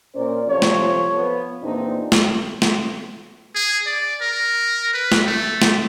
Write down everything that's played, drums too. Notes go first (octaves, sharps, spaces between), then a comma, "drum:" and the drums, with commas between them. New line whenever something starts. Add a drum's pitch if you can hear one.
A#2 C#4 A#4 C5 D5
C3 F3 A4 C#5
drum: snare
F3 B3
E2 A#2 C4 D4 D#4
drum: snare
drum: snare
G#4
D5
A#4
B4
drum: snare
A3
drum: snare